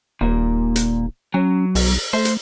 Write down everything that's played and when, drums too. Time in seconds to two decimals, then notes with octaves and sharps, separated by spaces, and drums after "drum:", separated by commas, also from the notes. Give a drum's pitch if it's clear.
0.21 D#1 A#2 A#3
0.76 drum: hi-hat
1.34 F#3 C#4
1.75 B1, drum: open hi-hat
2.13 A3 C5
2.25 drum: hi-hat